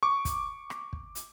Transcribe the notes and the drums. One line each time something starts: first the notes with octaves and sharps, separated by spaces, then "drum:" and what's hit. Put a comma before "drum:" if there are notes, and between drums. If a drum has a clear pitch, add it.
C#6 D6
drum: kick, hi-hat
drum: rim click
drum: kick
drum: hi-hat